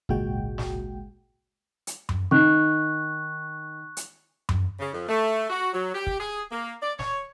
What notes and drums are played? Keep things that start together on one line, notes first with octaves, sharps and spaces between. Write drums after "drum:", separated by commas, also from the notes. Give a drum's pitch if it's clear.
G#1 C#2 A#2 G#3 F#4 G5, drum: kick
drum: snare
drum: hi-hat
drum: tom F#2
D#3 C#6 F#6
drum: hi-hat
drum: tom F#2
C#3
F2
A3
F#4
F#3
G4
drum: kick
G#4
A#3
D5
C#5, drum: snare